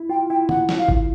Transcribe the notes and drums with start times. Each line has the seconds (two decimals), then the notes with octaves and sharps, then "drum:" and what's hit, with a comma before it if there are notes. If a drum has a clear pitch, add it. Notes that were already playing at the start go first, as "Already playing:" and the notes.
Already playing: E4
0.09 F4 G5
0.30 E4 G5
0.49 F#5, drum: tom
0.69 drum: snare
0.79 F5
0.88 drum: kick